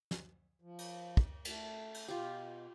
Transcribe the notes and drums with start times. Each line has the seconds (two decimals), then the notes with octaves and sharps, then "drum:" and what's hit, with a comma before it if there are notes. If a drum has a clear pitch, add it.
0.11 drum: snare
0.62 F3
0.79 drum: cymbal
1.17 drum: kick
1.45 A3, drum: cymbal
1.94 drum: cymbal
2.08 B2 F4 G4